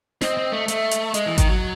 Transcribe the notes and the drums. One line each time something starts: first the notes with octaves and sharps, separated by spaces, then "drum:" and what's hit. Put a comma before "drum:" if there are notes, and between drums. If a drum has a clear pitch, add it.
C4 D#5, drum: snare
C4
A3
A3 E5, drum: hi-hat
drum: hi-hat
G#3 D#5, drum: hi-hat
E3
D#3, drum: kick G#1, hi-hat
F#3